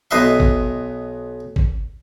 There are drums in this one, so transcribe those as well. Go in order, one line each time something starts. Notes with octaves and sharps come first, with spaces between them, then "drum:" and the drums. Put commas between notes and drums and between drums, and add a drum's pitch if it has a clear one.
B1 B4 D#5 E5 C6
drum: kick
drum: kick